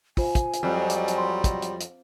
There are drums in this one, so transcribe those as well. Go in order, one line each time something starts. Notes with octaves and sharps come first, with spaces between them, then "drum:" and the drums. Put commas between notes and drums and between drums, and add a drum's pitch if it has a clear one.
F4 C5 G#5, drum: kick, open hi-hat
drum: kick, hi-hat
drum: hi-hat
F2 F#3 G3
drum: hi-hat
drum: hi-hat
C6
drum: kick, hi-hat
drum: hi-hat
drum: hi-hat